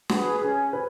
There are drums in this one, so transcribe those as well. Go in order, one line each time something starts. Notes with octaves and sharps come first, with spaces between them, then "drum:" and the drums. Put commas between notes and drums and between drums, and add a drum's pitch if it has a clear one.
F#4 G#4 B4, drum: snare
C#4 G#4
B4